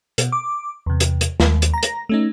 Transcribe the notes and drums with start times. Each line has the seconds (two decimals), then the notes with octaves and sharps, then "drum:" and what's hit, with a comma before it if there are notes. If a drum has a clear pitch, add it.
0.18 B2, drum: hi-hat
0.32 D6
0.86 E2 C3
1.00 drum: hi-hat
1.21 drum: hi-hat
1.40 D#2, drum: snare
1.62 drum: hi-hat
1.74 A#5 A#6
1.83 drum: hi-hat
2.09 A3 C#4 D#4